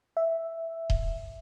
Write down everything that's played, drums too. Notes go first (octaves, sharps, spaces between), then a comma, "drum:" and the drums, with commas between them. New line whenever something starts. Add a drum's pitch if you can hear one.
E5
drum: kick D#1